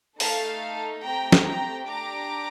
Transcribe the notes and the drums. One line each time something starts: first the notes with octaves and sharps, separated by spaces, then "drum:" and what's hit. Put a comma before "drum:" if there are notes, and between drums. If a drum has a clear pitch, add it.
A3 D#4 A4 F5 A5, drum: open hi-hat
A3 C4 G4 G5 A#5
drum: snare
G5 A#5
D4 G4 A#5 D6